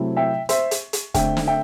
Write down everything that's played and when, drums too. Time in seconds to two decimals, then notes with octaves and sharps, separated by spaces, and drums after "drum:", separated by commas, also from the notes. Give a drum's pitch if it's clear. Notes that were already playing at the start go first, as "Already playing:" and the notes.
Already playing: C3 F#3 A3 C4 E4
0.17 E5 G5
0.49 C5 E5, drum: hi-hat
0.71 drum: hi-hat
0.93 drum: hi-hat
1.14 D3 A3 C4 E5 G5, drum: kick, hi-hat
1.37 drum: snare
1.47 E5 G5